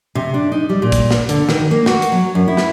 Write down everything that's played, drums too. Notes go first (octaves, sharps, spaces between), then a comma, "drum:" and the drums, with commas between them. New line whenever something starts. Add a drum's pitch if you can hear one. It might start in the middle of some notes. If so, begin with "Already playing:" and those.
C3
D4
D#4
G3
A#2
drum: kick, hi-hat
drum: snare
D3, drum: hi-hat
D#3, drum: snare
A#3
F#4, drum: snare
drum: hi-hat
F#3
F#2
E4
drum: snare